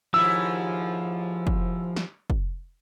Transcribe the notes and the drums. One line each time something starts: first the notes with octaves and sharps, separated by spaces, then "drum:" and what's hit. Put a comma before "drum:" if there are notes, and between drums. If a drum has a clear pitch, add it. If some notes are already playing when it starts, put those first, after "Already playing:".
D#2 G#2 F3 E4 E6
drum: kick
drum: snare
drum: kick